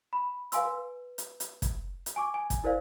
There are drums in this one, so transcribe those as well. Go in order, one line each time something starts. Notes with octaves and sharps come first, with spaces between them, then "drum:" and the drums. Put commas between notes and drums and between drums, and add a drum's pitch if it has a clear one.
B5
B4 F5 G#5 C6 E6, drum: hi-hat
B4
drum: hi-hat
drum: hi-hat
drum: kick, hi-hat
drum: hi-hat
G#5 C#6 D6
G#5
drum: kick, hi-hat
E4 A#4 C5 D5 F5